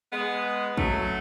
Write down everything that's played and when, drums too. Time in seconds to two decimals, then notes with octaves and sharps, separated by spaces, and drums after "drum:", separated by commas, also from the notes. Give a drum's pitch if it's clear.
0.13 G#3 B3
0.77 F#3 A3, drum: kick